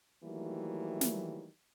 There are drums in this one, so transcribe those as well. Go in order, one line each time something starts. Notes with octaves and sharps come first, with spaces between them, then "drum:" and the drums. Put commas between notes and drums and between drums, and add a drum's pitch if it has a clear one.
D#3 E3 F#3 G3 A3 A#3
drum: snare